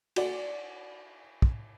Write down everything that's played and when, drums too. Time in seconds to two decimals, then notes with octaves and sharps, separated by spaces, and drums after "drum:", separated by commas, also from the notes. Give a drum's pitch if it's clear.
0.16 F#4 D5, drum: cymbal
1.42 drum: kick